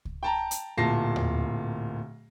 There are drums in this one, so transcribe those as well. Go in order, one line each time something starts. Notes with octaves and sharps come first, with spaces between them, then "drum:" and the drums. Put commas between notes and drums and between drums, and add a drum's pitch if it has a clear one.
drum: kick C#2
G5 A5 A#5
drum: hi-hat
D1 A#2 A5 A#6 C7
drum: tom D#2